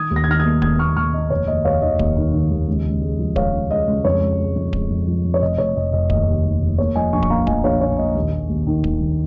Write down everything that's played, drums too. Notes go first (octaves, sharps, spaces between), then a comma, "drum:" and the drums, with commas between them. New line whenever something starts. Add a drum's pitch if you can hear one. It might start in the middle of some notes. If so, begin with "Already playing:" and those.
Already playing: D#3 D#6 G#6
D#2
A#6
G#6
D#3 F6 A#6
D#6 G#6
A#3
D#2 D#6 G#6, drum: kick D1
A#3 C#6 F6
D#2 C#6 F6
A#3 D#5
F1 C#5
D#2 D#5
D#2 C#5 F5
D#3 D#5
D#2, drum: kick D1
D#3
D#3
D#2
C#2
C#2
G#3
F3
G#3 C#5 F5, drum: kick D1
C#2
G#3 D#5
C#2
F2 C#5
G#3
G#3
F2
G#3, drum: kick D1
F2
F3
F2
C#5
F1 D#5
F1 C#5
F1 D#5
F1 D#5
D#2 D#5, drum: kick D1
D#2
D#2
F1
A#3 C#5
F3 D#5 G#5
A#1 G#5 C#6
C#6, drum: kick D1
A#3 F5 A#5
F3 D#5 G#5, drum: kick D1
A#1 C#5 F5
A#1 C#5
A#2 D#5
D#2
D#2
D#2
D#3
D#2, drum: kick D1
D#2